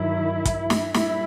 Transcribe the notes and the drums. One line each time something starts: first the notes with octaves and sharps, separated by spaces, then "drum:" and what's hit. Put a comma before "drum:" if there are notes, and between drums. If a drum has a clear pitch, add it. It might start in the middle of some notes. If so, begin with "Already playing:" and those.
Already playing: G2 D#3 F#3 E4
drum: kick, hi-hat
drum: snare
A#2 G3 E4, drum: snare